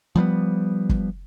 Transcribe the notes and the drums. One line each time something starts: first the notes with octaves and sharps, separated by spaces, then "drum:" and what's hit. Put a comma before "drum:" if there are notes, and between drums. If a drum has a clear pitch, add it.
F3 G3 A#3 B3
drum: kick